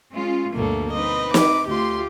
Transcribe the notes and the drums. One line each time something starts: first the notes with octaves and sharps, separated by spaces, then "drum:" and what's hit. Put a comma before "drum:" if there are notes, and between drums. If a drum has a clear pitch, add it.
G#3 C#4 F4
D2 G2 B2 A#3 A4
C4 D#4 B4 D#5
D6, drum: snare
D2 F4 G4 C6